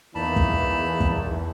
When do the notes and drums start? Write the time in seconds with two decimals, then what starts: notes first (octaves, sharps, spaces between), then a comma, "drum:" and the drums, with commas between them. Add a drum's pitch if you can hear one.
0.15 E2 E3 A#3 D#4 A5 B5
0.36 drum: kick
1.00 drum: kick